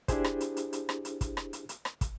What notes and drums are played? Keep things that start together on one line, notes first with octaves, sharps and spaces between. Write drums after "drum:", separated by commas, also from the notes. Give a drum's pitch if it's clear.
D4 E4 G4 G#4 C5, drum: kick, hi-hat
drum: rim click
drum: hi-hat
drum: hi-hat
drum: hi-hat
drum: rim click
drum: hi-hat
drum: kick, hi-hat
drum: rim click
drum: hi-hat
drum: hi-hat
drum: rim click
drum: kick, hi-hat